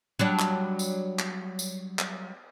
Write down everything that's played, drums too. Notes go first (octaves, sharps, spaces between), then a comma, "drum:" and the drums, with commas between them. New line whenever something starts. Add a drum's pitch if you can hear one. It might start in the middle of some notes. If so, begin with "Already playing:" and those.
F#3 G3 D4
drum: clap
drum: tambourine
drum: clap
drum: tambourine
drum: clap